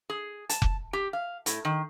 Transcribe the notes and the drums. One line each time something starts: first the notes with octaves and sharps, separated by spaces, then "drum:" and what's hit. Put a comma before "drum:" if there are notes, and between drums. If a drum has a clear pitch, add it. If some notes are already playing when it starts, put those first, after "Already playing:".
G#4
A5, drum: hi-hat
drum: kick F1
G4
F5
A2, drum: hi-hat
D#3